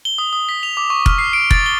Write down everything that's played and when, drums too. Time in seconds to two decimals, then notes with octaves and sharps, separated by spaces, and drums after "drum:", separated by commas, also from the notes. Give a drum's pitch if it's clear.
0.05 G7
0.18 D#6
0.33 D#6
0.49 B6
0.63 F7
0.77 D6
0.90 C#6
1.06 F6, drum: kick F1
1.18 C7
1.33 D7
1.51 A6, drum: kick F1
1.66 G7